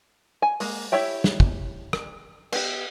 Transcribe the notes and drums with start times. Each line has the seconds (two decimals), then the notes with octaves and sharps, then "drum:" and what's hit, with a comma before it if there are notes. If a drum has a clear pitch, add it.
0.42 G#5
0.60 G#3 A#3, drum: open hi-hat
0.92 E4 G4 C#5 E5 G5
1.24 drum: snare
1.40 drum: kick
1.93 drum: rim click
2.52 B3 G4, drum: cymbal